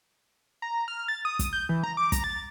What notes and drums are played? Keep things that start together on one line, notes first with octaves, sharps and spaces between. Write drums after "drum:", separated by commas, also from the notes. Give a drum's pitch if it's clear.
A#5
F6
A6
D#6
drum: kick, hi-hat
G6
E3
A#5
D6
A#5, drum: kick, hi-hat
A6